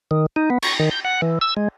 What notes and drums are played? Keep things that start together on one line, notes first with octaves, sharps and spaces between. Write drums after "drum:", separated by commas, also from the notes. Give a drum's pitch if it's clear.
D#3
D#4
B3
C#6, drum: cymbal
D#3
G6
F#5
E3
E6
G#3